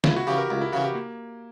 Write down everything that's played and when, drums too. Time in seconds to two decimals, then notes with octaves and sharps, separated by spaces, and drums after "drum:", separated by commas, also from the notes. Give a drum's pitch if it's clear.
0.04 C#2 E4, drum: snare
0.16 F#4
0.27 C#3 E3 G4
0.38 A#4
0.50 C#2
0.61 E4
0.72 C#3 E3 F#4
0.84 G4
0.95 A#3